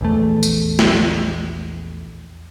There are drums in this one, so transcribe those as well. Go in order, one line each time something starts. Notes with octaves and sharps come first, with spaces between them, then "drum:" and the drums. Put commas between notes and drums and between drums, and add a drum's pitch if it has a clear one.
A#1 E2 A3
drum: tambourine
drum: snare